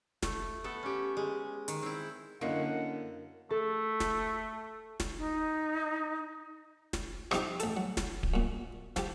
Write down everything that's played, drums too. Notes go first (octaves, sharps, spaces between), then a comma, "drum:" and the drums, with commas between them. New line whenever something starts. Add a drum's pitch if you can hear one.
A3, drum: snare
B3 A4
C#4 G4
G#3
D#3, drum: hi-hat
C4 E4
F#2 D3 A#3 E4 D#5 F#5
A3 A4
drum: snare
drum: snare
D#4
drum: snare
C3 F3 D#4 G4, drum: rim click
A1 A4, drum: hi-hat
F#3
drum: snare
drum: kick D1
F#2 A#2
F3 G4, drum: snare